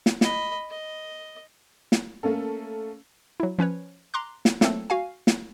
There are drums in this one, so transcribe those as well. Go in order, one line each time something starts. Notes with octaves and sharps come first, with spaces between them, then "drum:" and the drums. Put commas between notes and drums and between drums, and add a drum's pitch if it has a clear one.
drum: snare
D#5 B5, drum: snare
D#5
drum: snare
A3 A#3 C#4 A4
F#3 E4
F3 C#4 B4 C#5
A#5 C6 D6 F#6
drum: snare
F#3 A3 A#3 C4 A4, drum: snare
F#4 F5 G#5
drum: snare